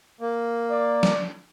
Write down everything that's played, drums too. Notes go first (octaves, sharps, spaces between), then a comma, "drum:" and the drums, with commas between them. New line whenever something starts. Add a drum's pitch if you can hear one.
A#3
D5
drum: snare